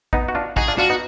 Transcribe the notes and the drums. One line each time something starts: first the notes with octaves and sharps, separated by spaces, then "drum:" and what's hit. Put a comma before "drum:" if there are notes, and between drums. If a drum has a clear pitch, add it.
B3 D#4, drum: kick
F#4
D4 F4
D#4 F#4 G#4, drum: kick
D4 F4
D4 F4 F#4
B3 D#4